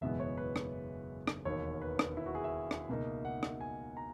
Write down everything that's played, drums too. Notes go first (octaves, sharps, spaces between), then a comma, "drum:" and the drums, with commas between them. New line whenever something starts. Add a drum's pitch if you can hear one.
F#1 E2 B2 G#3 B3 E5
C#5
B4
drum: rim click
drum: rim click
E1 D#2 D#3 C#5
B4
drum: rim click
E4
F#4
G#4
E5
drum: rim click
C#2 B2 A#3 D#4
F#5
drum: rim click
G#5
A#5